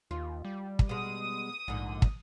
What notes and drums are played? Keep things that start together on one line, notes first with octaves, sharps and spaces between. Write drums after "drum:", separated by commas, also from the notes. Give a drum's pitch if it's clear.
D#2 F4
G3
drum: kick
B2 G#3 D#6
A#1 G#2 D3
drum: kick